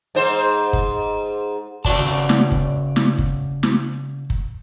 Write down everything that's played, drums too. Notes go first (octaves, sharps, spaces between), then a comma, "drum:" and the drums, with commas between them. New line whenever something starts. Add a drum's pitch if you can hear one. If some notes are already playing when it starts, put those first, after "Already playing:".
G#2 C5
drum: kick
C#3 F#4 D5 A5, drum: kick
drum: snare
drum: kick
drum: snare
drum: kick
drum: snare
drum: kick